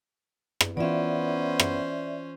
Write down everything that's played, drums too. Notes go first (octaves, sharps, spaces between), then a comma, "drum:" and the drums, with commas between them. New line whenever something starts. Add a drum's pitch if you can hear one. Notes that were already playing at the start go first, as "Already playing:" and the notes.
drum: rim click
E3 B3 C#4 F4 C5 D5 E5
drum: rim click